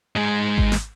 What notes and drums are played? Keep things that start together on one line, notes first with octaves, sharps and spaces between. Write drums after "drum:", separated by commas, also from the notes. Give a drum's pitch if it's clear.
G#2 G#3
drum: kick G#1
drum: snare